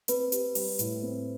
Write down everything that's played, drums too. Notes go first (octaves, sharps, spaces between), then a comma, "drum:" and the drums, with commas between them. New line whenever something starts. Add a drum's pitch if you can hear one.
C4 B4, drum: hi-hat
G4, drum: hi-hat
G3, drum: open hi-hat
A2, drum: hi-hat
C4